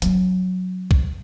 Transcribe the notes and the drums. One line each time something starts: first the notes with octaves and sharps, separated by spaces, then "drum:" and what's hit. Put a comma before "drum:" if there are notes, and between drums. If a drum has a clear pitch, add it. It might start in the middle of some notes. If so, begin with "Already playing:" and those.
F#3 C#4, drum: hi-hat
drum: kick B1